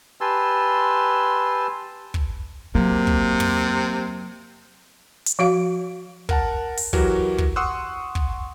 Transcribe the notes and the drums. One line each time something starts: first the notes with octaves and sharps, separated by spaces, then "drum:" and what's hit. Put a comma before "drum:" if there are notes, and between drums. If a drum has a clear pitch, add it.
G4 B4 G#5 A5 C6 E6
drum: kick
C3 F#3 A#3
drum: kick
drum: tom
drum: hi-hat
F3 F#4 F5
A#4 F#5 A5, drum: kick
drum: open hi-hat
E3 F#3 F#4 G4 A#4, drum: kick
drum: kick
F#5 C6 C#6 D#6 E6 F#6
drum: kick